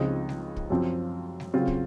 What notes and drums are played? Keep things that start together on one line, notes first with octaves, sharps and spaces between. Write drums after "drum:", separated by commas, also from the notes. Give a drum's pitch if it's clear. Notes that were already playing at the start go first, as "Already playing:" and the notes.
Already playing: C#2 C#3 F3 C4 D#4
drum: snare G3
drum: kick
F#2 F3 C4
drum: snare G3
C#3 F#3 C4 F4
drum: kick